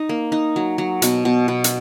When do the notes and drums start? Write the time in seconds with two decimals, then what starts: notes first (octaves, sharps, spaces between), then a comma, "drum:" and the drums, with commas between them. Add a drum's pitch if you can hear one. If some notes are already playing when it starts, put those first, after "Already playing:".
Already playing: D#4
0.09 A#3
0.32 D#4
0.56 F#3
0.78 F#3
1.02 B2, drum: hi-hat
1.25 B2
1.48 B2
1.64 drum: hi-hat